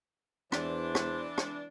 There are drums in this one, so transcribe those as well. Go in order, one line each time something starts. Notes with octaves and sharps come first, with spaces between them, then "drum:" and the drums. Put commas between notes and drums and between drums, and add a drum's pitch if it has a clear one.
E2 E3 D4 C5, drum: rim click
drum: rim click
drum: rim click